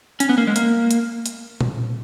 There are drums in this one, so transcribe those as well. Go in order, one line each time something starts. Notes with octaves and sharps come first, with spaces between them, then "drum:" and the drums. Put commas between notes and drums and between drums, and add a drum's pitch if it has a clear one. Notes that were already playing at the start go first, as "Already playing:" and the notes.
C#4, drum: hi-hat
B3
A#3
G#3
A#3, drum: hi-hat
drum: hi-hat
drum: hi-hat
drum: tom A#2